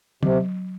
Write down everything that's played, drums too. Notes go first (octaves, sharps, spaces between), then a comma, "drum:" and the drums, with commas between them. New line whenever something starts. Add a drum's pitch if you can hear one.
C3 F#3, drum: tom